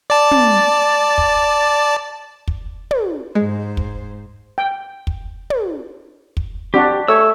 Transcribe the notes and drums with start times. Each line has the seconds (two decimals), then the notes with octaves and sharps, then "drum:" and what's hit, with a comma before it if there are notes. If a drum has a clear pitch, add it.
0.10 D5 A5
0.31 drum: tom
1.18 drum: kick
2.48 drum: kick
2.91 drum: tom
3.35 G#2 G#3 C5
3.77 drum: kick
4.58 G5
5.07 drum: kick
5.50 drum: tom
6.37 drum: kick
6.74 C4 D4 F#4 G4
7.08 A3 C#5 E6